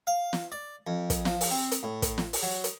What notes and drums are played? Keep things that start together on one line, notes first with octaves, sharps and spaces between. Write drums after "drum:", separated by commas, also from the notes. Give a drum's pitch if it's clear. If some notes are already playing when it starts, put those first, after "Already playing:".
F5
drum: snare
D5
F2
drum: kick, hi-hat
F3, drum: snare
drum: open hi-hat
C4
drum: hi-hat
A2
drum: kick, hi-hat
drum: snare
drum: open hi-hat
F#3
drum: hi-hat